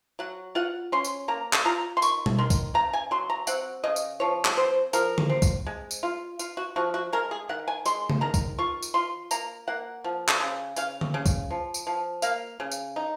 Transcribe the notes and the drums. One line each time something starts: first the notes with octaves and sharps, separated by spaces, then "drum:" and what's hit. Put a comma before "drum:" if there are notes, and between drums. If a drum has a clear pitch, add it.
F#3 F#5
F4 F#5
C#4 C6
drum: tambourine
A#3 A#5
drum: clap
F4 A#5
C6
D#3 C#6, drum: tambourine
drum: tom B2
D#3 C6
drum: kick, tambourine
C#3 A#5
G#5
F#3 C6
A#5
C4 F#5, drum: tambourine
C#3 D#5
drum: tambourine
F3 C#5
drum: clap
C4 C5
F3 A#4, drum: tambourine
drum: tom D3
C4
drum: kick, tambourine
G#3
drum: tambourine
F4
F4, drum: tambourine
F#4
F3 F#4
F#4
G#3 A#4
G#4
D#3 F#5
G#5
G#3 C6, drum: tambourine
drum: tom C#3
D#3 A#5
drum: kick, tambourine
F4 C#6
drum: tambourine
F4 C6
A#3 A#5, drum: tambourine
A#3 F#5
F3
drum: clap
C#3
C#3 F5, drum: tambourine
drum: tom D3
C#3
drum: kick, tambourine
F3
drum: tambourine
F3
A#3 F5, drum: tambourine
C#3
drum: tambourine
D#4